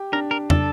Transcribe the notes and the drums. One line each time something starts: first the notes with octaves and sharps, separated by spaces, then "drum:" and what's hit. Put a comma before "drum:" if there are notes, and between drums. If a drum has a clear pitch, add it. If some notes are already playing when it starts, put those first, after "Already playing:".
Already playing: G4
D4 A#4
A#4
D4 A4, drum: tom